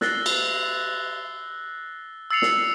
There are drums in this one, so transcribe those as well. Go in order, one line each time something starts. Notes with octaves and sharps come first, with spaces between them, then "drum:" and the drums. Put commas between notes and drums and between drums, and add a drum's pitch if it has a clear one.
E6 F#6 A6 A#6 C7 G7, drum: snare
drum: cymbal
E6 A6 C7 C#7 F7
drum: snare